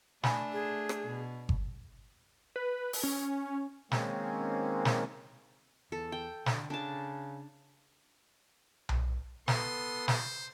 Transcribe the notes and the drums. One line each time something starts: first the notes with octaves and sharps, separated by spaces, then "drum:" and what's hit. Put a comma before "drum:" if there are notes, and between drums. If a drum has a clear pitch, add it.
A3 D4 G#5 B5, drum: snare
G#4
drum: rim click
B2
drum: kick G1
B4
drum: open hi-hat
C#4
D#3 G#3 A#3 C4 C#4, drum: snare
drum: snare
E2 A4
G5
D3, drum: snare
C#3 D4 A5
drum: tom B1
B3 A4 C6 D#6, drum: snare
C5, drum: snare